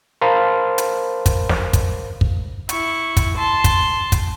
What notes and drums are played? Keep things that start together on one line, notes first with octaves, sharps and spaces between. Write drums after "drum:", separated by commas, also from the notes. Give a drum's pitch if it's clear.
A#4 C5 F5 A5 B5 C6
drum: hi-hat
drum: kick, hi-hat
drum: snare
drum: kick, hi-hat
drum: kick
E4 C#6, drum: hi-hat
drum: kick, hi-hat
A5 C6
drum: kick, hi-hat
drum: kick, hi-hat